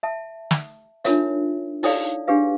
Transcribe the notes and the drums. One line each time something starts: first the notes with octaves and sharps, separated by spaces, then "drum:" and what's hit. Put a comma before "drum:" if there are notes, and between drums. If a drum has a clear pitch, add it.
E5 A5
drum: snare
D4 D#4 F4 A#4 C#5 E5, drum: hi-hat
D#4 E4 A4 C#5 D5 F5, drum: open hi-hat
D4 G4 G#4 B4 F5